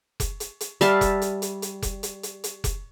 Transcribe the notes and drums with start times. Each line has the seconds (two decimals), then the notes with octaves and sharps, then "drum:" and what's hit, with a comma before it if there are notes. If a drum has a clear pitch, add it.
0.20 drum: kick F1, hi-hat
0.40 drum: hi-hat
0.61 drum: hi-hat
0.81 G3 E5 F5 A5, drum: hi-hat
1.01 drum: kick F1, hi-hat
1.22 drum: hi-hat
1.42 drum: hi-hat
1.62 drum: hi-hat
1.83 drum: kick F1, hi-hat
2.03 drum: hi-hat
2.23 drum: hi-hat
2.44 drum: hi-hat
2.64 drum: kick F1, hi-hat